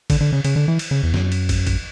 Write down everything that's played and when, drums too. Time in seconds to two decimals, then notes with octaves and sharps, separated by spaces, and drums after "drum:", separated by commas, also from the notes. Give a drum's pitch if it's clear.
0.10 D3, drum: kick, cymbal
0.21 D3
0.32 C#3
0.44 C#3, drum: cymbal
0.56 D3
0.68 E3
0.79 drum: cymbal
0.91 C#3
1.03 E2
1.14 F#2, drum: snare
1.32 drum: cymbal
1.49 drum: kick, cymbal
1.67 drum: kick, cymbal